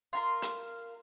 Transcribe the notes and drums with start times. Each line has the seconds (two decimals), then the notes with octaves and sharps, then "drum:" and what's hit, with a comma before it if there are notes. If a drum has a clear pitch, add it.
0.13 F4 A#4 C6
0.42 drum: hi-hat